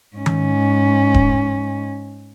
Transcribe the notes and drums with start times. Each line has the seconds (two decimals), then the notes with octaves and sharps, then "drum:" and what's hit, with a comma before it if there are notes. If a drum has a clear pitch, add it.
0.16 G#2 C#4
0.26 drum: tom D#3
1.14 drum: kick D#1